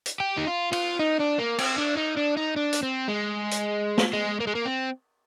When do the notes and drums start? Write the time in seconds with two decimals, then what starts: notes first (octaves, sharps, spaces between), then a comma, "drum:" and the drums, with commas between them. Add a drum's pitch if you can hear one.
0.06 drum: hi-hat
0.20 G4
0.37 D#4
0.47 F4
0.73 F4, drum: cymbal
0.99 D#4
1.19 D4
1.38 A#3
1.59 C4, drum: cymbal
1.78 D4
1.97 D#4
2.17 D4
2.37 D#4
2.56 D4
2.73 drum: hi-hat
2.83 C4
3.08 G#3
3.51 drum: hi-hat
3.98 drum: snare
4.13 G#3
4.40 A#3
4.47 G#3
4.55 A#3
4.65 C4